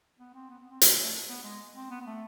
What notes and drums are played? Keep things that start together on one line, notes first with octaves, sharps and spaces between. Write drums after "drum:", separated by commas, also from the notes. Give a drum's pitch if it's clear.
B3
C4
B3
B3
C4
F3, drum: hi-hat
G#3
A3
B3
G#3
C4
B3
B3
A3